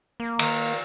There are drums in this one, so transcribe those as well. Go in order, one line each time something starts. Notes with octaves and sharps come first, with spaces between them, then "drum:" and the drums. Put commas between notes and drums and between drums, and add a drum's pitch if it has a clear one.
A#3
D#3, drum: cymbal